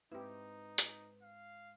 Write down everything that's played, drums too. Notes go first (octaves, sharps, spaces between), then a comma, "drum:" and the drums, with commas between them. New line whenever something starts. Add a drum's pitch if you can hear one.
G#2 C4 D#4 E4 G4 B4
drum: hi-hat
F5